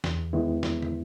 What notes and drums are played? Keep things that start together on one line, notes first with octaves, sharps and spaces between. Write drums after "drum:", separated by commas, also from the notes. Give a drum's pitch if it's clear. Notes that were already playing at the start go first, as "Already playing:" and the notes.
E2, drum: snare
D#3 G#3 B3 E4
drum: snare
drum: tom